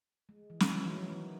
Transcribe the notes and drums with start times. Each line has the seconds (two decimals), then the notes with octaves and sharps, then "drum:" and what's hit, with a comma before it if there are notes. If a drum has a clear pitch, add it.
0.29 G#3
0.50 E3
0.60 F#3, drum: snare
0.70 E3
0.84 F#3
0.98 E3
1.12 D#3